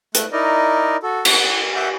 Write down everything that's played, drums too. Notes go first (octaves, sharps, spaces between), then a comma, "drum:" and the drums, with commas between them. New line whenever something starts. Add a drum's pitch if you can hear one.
A3 F#6, drum: hi-hat
D#4 E4 A#4 D5 D#5
F#4 A4
F#5, drum: cymbal
E5 F#5 D6 G6